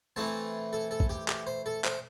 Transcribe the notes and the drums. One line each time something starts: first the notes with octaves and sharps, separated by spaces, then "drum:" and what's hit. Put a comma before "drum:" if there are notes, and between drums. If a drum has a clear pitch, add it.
E3 A3 C4 A5
A4
A4
drum: kick
G4
G4, drum: clap
C5
A4
C5, drum: clap